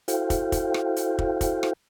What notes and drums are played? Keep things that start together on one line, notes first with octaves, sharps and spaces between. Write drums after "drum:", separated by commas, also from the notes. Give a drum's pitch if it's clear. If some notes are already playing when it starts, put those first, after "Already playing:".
E4 F#4 A4 C5 F5 G5, drum: hi-hat
drum: kick, hi-hat
drum: kick, hi-hat
drum: rim click
drum: hi-hat
drum: kick
drum: kick, hi-hat
drum: rim click